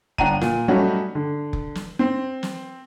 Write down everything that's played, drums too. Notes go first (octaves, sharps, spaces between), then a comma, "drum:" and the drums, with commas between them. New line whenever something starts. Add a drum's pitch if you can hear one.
G1 D4 F#5 G5 A#5 D#7, drum: kick F1
A#2, drum: snare
F#3 G3 A3 C#4 D#4 F#4
D3
drum: kick F1
drum: snare
C4
drum: snare